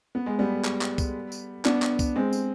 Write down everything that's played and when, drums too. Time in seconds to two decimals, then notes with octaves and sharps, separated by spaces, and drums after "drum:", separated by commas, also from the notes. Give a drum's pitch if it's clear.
0.15 B3
0.26 G#3
0.39 G3 B3
0.65 drum: clap
0.81 drum: clap
0.98 drum: kick C2, tambourine
1.32 drum: tambourine
1.65 B3 D4, drum: clap
1.82 drum: clap
1.99 drum: kick C2, tambourine
2.16 G#3 C4
2.33 drum: tambourine